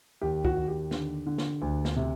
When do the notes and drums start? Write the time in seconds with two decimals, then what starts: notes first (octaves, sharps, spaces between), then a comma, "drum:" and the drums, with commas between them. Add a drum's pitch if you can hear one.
0.21 D#2 G4
0.45 F#4, drum: kick
0.57 D#2
0.68 G4
0.91 D3, drum: snare
1.26 D3
1.38 drum: snare
1.62 D2
1.85 drum: snare
1.96 C3